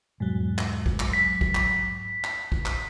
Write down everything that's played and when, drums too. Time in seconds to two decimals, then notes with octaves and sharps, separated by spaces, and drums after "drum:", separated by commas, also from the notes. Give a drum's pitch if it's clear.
0.20 E2 G#2 B2 F#3 G#3
0.58 drum: clap
0.86 drum: kick
1.00 drum: clap
1.13 B6
1.41 drum: kick
1.55 drum: clap
2.24 drum: clap
2.52 drum: kick
2.66 drum: clap